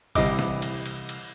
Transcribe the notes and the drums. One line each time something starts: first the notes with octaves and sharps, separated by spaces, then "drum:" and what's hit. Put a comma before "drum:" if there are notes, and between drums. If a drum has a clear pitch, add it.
C2 E3 G3 D#5 D6, drum: kick G1, cymbal
drum: snare
drum: cymbal
drum: cymbal
drum: cymbal